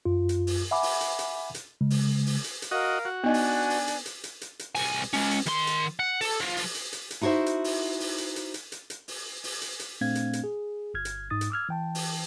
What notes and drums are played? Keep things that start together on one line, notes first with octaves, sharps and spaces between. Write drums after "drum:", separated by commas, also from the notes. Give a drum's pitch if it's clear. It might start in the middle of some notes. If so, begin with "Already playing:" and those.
F#2 F4
drum: hi-hat
drum: open hi-hat
E5 F#5 G#5 B5 D6
drum: open hi-hat
drum: hi-hat
drum: hi-hat
drum: hi-hat
C#3 G#3
drum: open hi-hat
drum: open hi-hat
drum: hi-hat
drum: hi-hat
F#4 A#4 D#5 F5
F#4
B3 D4 D#4 D#5 G#5
drum: open hi-hat
drum: open hi-hat
drum: hi-hat
drum: hi-hat
drum: hi-hat
drum: hi-hat
drum: hi-hat
C2 G#5, drum: open hi-hat
G#3 C#4, drum: open hi-hat
drum: hi-hat
D#3 C6, drum: hi-hat
drum: hi-hat
F#5
A4, drum: open hi-hat
F3
drum: open hi-hat
drum: hi-hat
drum: hi-hat
drum: hi-hat
D#4 E4 F#4 G#4 C5 E5
drum: hi-hat
drum: open hi-hat
drum: open hi-hat
drum: hi-hat
drum: hi-hat
drum: hi-hat
drum: hi-hat
drum: hi-hat
drum: open hi-hat
drum: open hi-hat
drum: hi-hat
drum: hi-hat
A#2 A3 C4 D4 F5 G#6
drum: hi-hat
drum: hi-hat
G#4
G1 F6 G#6
drum: hi-hat
G#2 D#4 D#6 A6
drum: hi-hat
D6 E6 F6 G#6
E3 G5 A5
drum: open hi-hat